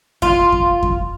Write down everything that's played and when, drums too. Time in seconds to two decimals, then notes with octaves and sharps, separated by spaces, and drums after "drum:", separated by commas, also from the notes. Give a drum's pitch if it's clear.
0.22 F4, drum: kick F2
0.52 drum: kick F2
0.83 drum: kick F2